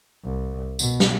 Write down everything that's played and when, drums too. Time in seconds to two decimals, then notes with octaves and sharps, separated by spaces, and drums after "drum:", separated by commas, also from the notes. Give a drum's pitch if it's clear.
0.24 C2
0.79 B2, drum: tambourine
1.00 drum: snare